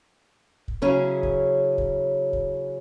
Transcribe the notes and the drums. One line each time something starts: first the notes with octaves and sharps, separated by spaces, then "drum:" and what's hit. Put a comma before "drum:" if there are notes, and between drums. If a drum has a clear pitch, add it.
drum: kick
C#3 F#3 C#4 E4 G#4
drum: kick
drum: kick
drum: kick